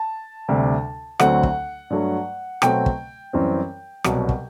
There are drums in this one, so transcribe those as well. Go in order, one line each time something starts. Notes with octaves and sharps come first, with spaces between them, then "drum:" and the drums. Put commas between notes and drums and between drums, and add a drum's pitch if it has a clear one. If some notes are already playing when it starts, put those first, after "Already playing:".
Already playing: A5
D2 C3 G3
D2 D3 F#3 A3 C4 F#5, drum: rim click
drum: kick
G2 F#3 A3
B2 F#3 A3 C4 G5, drum: rim click
drum: kick
F#2 E3 G3 C4
C2 B2 F#3, drum: rim click
drum: kick